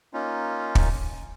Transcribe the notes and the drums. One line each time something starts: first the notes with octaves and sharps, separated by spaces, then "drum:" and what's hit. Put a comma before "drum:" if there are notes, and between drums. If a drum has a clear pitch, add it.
A#3 C#4 D#4 F4
drum: kick